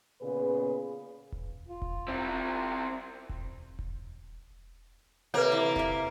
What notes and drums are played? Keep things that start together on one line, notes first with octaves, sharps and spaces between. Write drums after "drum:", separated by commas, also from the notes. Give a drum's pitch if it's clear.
A#2 C#3 B3 G#4 B4
drum: kick E1
F4
drum: kick E1
C4 E4
drum: kick E1
drum: kick E1
C3 A#3 A4 B4 C#5
E3
E4 E5, drum: kick E1